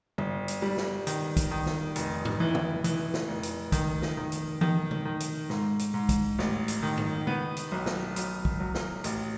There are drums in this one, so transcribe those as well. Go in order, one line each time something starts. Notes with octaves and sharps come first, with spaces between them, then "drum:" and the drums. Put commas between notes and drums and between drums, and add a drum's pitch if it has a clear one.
G1, drum: tom
drum: hi-hat
G3
drum: snare
D#3, drum: hi-hat
drum: kick, hi-hat
D#3
drum: snare
F1, drum: hi-hat
drum: tom G#2
E3
drum: tom
E3, drum: hi-hat
drum: snare
F1
drum: hi-hat
D#3, drum: kick, hi-hat
drum: snare
D#3
drum: hi-hat
D#3, drum: tom E3
drum: tom C3
D#3
drum: hi-hat
G#2, drum: snare
drum: hi-hat
G#2
drum: kick, hi-hat
A1, drum: snare
drum: hi-hat
D#3
drum: tom G#2
B3, drum: tom C3
drum: hi-hat
B1
drum: snare
B1, drum: hi-hat
drum: kick
F#3
drum: snare
A1, drum: hi-hat